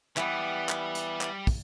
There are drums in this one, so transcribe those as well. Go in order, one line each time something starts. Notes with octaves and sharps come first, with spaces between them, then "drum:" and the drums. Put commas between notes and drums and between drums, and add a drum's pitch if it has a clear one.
E3 G3 B3, drum: clap
drum: clap
drum: hi-hat
drum: clap
drum: kick, open hi-hat